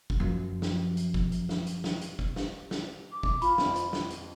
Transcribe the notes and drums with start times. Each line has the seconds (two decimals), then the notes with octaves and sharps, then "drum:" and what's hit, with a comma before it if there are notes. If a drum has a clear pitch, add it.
0.10 drum: kick
0.20 F#2 F3
0.62 drum: snare
0.97 drum: hi-hat
1.14 drum: kick
1.32 drum: hi-hat
1.49 drum: snare
1.67 drum: hi-hat
1.84 drum: snare
2.01 drum: hi-hat
2.19 drum: kick
2.36 drum: snare
2.71 drum: snare
3.12 D6
3.23 drum: kick
3.42 F4 B5, drum: hi-hat
3.58 F2, drum: snare
3.76 drum: hi-hat
3.93 drum: snare
4.10 drum: hi-hat